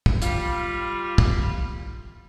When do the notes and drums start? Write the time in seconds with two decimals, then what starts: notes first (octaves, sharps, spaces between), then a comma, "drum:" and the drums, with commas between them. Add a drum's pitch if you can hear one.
0.06 drum: kick
0.22 G3 F4, drum: hi-hat
1.18 drum: kick